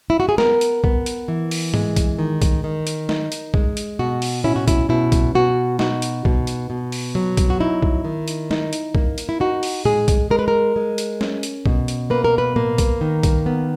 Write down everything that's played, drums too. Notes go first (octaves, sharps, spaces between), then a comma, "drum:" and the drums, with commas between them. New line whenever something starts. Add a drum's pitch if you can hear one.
E4
F#4
G#4
B3 A#4, drum: snare
drum: hi-hat
B3, drum: kick
drum: hi-hat
E3
drum: open hi-hat
G#3, drum: tom G#2
drum: kick, hi-hat
D#3
drum: kick, hi-hat
D#3
drum: hi-hat
D#4, drum: snare
drum: hi-hat
G#3, drum: kick
drum: hi-hat
B2 F#4
drum: open hi-hat
C#4 E4, drum: tom A2
F#4
E4, drum: kick, hi-hat
B2 E4
drum: kick, hi-hat
B2 F#4
D#4 F#4, drum: snare
drum: hi-hat
B2, drum: kick
drum: hi-hat
B2
drum: open hi-hat
F#3, drum: tom B2
drum: kick, hi-hat
F#4
D#4 E4
drum: kick
D#3
drum: hi-hat
D#4, drum: snare
drum: hi-hat
A#3, drum: kick
drum: hi-hat
E4
D#4 F#4
drum: open hi-hat
G#3 G#4, drum: tom A2
drum: kick, hi-hat
G#3 A#4
B4
A#4
G#3
drum: hi-hat
C#4, drum: snare
drum: hi-hat
B2, drum: kick
drum: hi-hat
A#3 B4
A#4
B4
A#3, drum: tom A2
drum: kick, hi-hat
D#3
drum: kick, hi-hat
B3